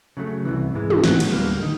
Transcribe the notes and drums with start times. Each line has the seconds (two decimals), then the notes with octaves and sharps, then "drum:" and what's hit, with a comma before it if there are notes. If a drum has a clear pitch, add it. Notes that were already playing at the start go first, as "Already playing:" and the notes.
0.17 C#3 F#3 A3
0.45 C2 C3 E3
0.74 G#2 E3 G#3
0.90 drum: tom
1.04 A2 F#3 B3, drum: snare
1.20 drum: cymbal
1.32 D2 D3 G3 A#3
1.62 D#3